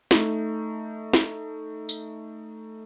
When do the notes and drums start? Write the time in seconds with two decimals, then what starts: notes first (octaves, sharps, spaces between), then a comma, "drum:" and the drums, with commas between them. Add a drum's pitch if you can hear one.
0.11 A3 D#4, drum: snare
1.13 drum: snare
1.89 drum: tambourine